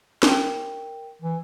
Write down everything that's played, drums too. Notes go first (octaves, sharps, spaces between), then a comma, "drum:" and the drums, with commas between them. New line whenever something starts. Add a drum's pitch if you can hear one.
A#4 G5, drum: snare
E3